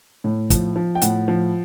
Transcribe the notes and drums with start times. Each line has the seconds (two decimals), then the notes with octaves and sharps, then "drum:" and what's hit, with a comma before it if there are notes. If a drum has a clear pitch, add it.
0.24 A2
0.50 F3, drum: kick, hi-hat
0.76 F3
0.95 G5
1.02 A2 F#5, drum: hi-hat
1.28 F3